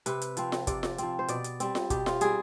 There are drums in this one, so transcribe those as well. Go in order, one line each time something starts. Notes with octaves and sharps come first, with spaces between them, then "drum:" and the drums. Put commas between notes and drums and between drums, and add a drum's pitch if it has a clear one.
C3 B4, drum: hi-hat
drum: hi-hat
F3 C4, drum: hi-hat
drum: snare F4
C3 D5, drum: kick, hi-hat
drum: snare F4
F3 C4, drum: hi-hat
C5
B2 D5, drum: hi-hat
drum: hi-hat
G3 C4, drum: hi-hat
drum: snare F4
B2 G4, drum: kick, hi-hat
F4, drum: snare F4
G3 C4 G#4, drum: hi-hat